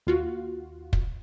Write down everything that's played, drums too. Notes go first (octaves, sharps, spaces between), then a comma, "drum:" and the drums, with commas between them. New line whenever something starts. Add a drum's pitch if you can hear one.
D#2 F4 F#4
drum: kick